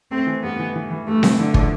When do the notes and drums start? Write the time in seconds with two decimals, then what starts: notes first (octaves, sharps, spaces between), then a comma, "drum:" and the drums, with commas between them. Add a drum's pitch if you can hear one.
0.11 A3 C4
0.27 E3
0.43 G2 B3
0.59 E3
0.76 E3
0.91 E3
1.07 G2 A3
1.23 E3, drum: snare C4
1.39 D3 E4
1.54 F3, drum: kick